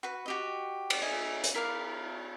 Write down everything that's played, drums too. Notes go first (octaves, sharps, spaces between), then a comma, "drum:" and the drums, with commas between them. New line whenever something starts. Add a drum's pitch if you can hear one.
F#4 B4
F#4 G4 D#5
drum: cymbal
D#5 E5 G#5
drum: hi-hat
E4 A#4 D5 F5